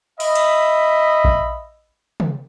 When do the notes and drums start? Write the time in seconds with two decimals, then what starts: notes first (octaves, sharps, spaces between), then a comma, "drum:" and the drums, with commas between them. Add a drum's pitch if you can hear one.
0.20 D#5 E5 B5, drum: open hi-hat
0.35 drum: cymbal
1.24 drum: kick A#1
2.20 drum: tom